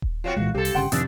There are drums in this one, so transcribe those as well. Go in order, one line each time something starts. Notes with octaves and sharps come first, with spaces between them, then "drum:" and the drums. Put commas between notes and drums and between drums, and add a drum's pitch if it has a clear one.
drum: kick D#1
F3 C4 F4 F#4 C#5 G5
C2 A#2 E3 G#3 F#4
C2 C4 G4 A4
drum: open hi-hat
G1 C#3 F#5 G5 C6
F2 C3 D#3 D4 D#6 E6, drum: hi-hat